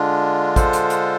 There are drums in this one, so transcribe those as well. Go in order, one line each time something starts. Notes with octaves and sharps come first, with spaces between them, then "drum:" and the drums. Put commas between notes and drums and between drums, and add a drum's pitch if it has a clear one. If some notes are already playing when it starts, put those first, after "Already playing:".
Already playing: D3 G#3 D4 F4
A4 C5, drum: kick A1, hi-hat
drum: hi-hat
drum: hi-hat